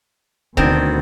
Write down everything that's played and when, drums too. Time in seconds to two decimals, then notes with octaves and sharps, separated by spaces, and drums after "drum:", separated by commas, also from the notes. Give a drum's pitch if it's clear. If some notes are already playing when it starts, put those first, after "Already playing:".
0.57 D2 B2 D3 D#3 B3 C4, drum: kick C#1